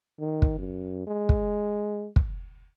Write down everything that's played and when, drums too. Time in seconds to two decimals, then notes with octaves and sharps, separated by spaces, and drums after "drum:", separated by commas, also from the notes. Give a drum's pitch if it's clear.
0.20 D#3
0.42 drum: kick
0.59 F#2
1.07 G#3
1.29 drum: kick
2.16 drum: kick